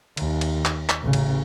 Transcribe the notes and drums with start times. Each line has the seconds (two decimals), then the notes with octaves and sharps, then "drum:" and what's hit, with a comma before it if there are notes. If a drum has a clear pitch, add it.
0.17 D#2, drum: cymbal
0.41 drum: cymbal
0.65 drum: clap
0.89 drum: clap
1.03 A1 C#3
1.13 drum: cymbal